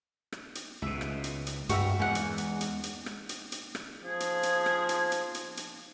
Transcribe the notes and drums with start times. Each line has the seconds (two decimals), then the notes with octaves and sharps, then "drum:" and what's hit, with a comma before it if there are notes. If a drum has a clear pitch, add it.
0.32 drum: rim click
0.55 drum: hi-hat
0.82 C#2 B2 E5
1.01 drum: rim click
1.24 drum: hi-hat
1.47 drum: hi-hat
1.69 G2 F#4 A#4 E5, drum: hi-hat
2.00 E2 G#3 A#4 F#5
2.15 drum: hi-hat
2.38 drum: hi-hat
2.61 drum: hi-hat
2.83 drum: hi-hat
3.06 drum: rim click
3.29 drum: hi-hat
3.52 drum: hi-hat
3.75 drum: rim click
4.04 F3 G#4
4.20 drum: hi-hat
4.43 drum: hi-hat
4.66 drum: rim click
4.89 drum: hi-hat
5.12 drum: hi-hat
5.34 drum: hi-hat
5.57 drum: hi-hat